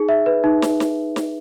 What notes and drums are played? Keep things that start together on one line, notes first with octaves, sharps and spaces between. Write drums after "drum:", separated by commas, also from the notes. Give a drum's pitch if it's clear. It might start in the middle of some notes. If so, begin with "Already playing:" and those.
Already playing: D#4 G#4
E5
B4
D#4
drum: snare
drum: snare
drum: snare